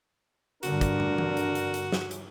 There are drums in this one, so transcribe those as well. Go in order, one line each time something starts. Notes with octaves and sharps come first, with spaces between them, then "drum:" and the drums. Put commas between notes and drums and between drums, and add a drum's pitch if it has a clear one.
G2 D3 D4 F#4 A#4, drum: hi-hat
drum: kick, hi-hat
drum: tom
drum: tom E3
drum: hi-hat
drum: hi-hat
drum: hi-hat
drum: snare
drum: hi-hat